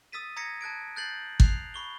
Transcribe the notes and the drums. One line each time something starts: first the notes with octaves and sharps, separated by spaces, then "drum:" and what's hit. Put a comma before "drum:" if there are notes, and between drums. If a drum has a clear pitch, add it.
D#6 E6 A6 B6 D#7
A#5 D#6 G#6 A#6 B6 C#7
A5 F#6 G#6 D7
F#6 G6 A6 C7 F#7
F#6 C7 F7, drum: kick
B5 C#6 G7